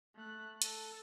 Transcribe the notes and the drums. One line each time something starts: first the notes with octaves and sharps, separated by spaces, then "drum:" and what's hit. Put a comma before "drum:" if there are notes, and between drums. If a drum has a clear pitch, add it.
A3 F#6
A4, drum: hi-hat